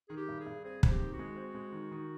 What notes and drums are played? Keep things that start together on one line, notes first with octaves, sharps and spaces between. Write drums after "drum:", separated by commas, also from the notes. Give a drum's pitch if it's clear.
D#3 G#4
G4
G2
G#4
G2
C4 G#4
C4 G#4, drum: kick
G4
D#3
F#4
G#3
C4
G#3
D#3
D#3